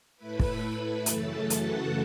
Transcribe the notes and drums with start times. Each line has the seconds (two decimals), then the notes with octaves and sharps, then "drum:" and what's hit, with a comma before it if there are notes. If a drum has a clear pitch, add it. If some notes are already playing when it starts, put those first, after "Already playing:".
0.17 A2 A3 E4 B4 B5
0.40 drum: kick
1.06 F#2 C#3 E3 A3 A4 A5, drum: hi-hat
1.50 F#4 F#5, drum: hi-hat